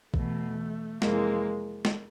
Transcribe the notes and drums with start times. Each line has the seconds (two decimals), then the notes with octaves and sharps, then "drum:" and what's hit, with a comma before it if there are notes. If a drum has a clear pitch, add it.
0.14 E2 B2 A3, drum: kick
1.02 F2 C3 E3 G#3 A#3, drum: snare
1.85 drum: snare